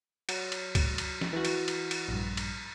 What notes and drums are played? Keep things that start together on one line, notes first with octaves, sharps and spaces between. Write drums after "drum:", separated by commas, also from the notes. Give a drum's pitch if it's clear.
F#3, drum: cymbal
drum: cymbal
drum: kick C#2, cymbal
drum: cymbal
drum: snare
E3 F#4
drum: cymbal
drum: cymbal
drum: cymbal
A#1 G2
drum: cymbal